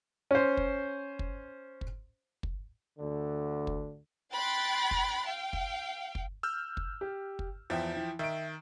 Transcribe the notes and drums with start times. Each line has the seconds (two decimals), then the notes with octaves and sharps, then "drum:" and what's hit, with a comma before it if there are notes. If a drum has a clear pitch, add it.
0.31 C#4 C5
0.57 drum: kick
1.19 drum: kick
1.81 drum: kick
2.43 drum: kick
2.98 D2 D3
3.67 drum: kick
4.33 G5 B5 C6 F#6 A6
4.91 drum: kick
5.23 F5 G5
5.53 drum: kick
6.15 drum: kick
6.43 E6 F6 G6
6.77 drum: kick
7.01 G4
7.39 drum: kick
7.70 E2 F3 E5 G5
7.96 E3
8.19 D#3 E5 D7